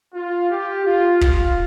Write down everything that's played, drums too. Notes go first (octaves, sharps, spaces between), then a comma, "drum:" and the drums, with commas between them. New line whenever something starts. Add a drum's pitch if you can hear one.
F4
G4
F4
F4, drum: kick